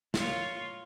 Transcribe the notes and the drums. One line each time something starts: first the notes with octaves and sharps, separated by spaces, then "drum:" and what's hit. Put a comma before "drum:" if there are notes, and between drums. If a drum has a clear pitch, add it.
A#3 F4 C#5, drum: snare